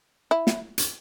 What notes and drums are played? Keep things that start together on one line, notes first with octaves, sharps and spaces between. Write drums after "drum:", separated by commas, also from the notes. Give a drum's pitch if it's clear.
E4
drum: snare
drum: hi-hat